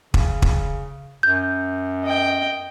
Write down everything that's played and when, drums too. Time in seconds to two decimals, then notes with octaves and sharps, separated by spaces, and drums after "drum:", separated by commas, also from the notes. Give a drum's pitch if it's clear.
0.14 C#3, drum: kick
0.42 drum: kick
1.23 F#2 G6
2.04 D#5 G5